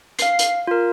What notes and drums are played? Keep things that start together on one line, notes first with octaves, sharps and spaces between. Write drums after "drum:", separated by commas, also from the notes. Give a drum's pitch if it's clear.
F5 C7, drum: hi-hat
drum: hi-hat
F4 A#4